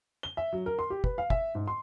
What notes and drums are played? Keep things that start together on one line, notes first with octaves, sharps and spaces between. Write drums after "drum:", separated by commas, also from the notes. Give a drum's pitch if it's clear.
G7
E5
F#3
A#4
C6
G4
B4, drum: kick
F5
E5, drum: kick
G#2
C6